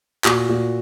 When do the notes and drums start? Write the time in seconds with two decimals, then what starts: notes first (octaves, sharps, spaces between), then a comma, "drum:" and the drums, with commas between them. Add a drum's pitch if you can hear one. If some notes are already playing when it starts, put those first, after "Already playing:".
0.24 A#2 F#4, drum: clap
0.49 A#2